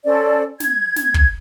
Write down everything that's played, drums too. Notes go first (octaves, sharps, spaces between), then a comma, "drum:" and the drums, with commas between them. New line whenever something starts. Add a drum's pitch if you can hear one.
C#4 A4 C5 D5
G#6, drum: snare
drum: snare
drum: kick